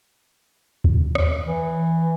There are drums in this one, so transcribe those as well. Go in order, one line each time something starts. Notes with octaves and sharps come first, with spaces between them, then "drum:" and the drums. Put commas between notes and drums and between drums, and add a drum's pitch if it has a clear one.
drum: kick
drum: rim click
E3